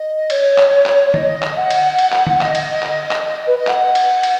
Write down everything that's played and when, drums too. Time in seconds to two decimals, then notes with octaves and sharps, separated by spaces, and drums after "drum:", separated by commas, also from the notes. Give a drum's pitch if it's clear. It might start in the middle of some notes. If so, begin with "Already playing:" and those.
Already playing: D#5
0.30 C#5, drum: cymbal
0.58 drum: clap
0.86 drum: clap
1.14 D#5, drum: tom D3
1.42 drum: clap
1.56 F#5
1.70 drum: cymbal
1.99 drum: cymbal
2.13 drum: clap
2.27 drum: tom D3
2.41 D#5, drum: clap
2.55 drum: cymbal
2.83 drum: clap
3.11 drum: clap
3.25 D#5
3.46 B4
3.57 D#5
3.67 F#5, drum: clap
3.95 drum: cymbal
4.23 drum: cymbal